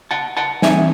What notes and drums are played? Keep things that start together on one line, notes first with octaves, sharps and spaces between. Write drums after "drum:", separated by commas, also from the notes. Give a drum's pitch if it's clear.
F#5 A5
F#5 A5
E3 C4 D#4 E5 G#5, drum: snare